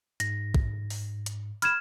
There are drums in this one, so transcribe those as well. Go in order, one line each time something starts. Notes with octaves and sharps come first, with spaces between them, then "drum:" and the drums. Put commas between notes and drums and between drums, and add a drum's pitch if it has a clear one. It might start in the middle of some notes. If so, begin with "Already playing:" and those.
G#2 A#6, drum: hi-hat
drum: kick A#1
drum: open hi-hat
drum: hi-hat
B5 F6 G#6 E7, drum: hi-hat